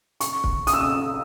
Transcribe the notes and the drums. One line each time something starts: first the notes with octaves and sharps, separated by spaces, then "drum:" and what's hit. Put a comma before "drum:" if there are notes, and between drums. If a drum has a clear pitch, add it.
C#6, drum: hi-hat
drum: kick
D#6, drum: hi-hat
E6
D#6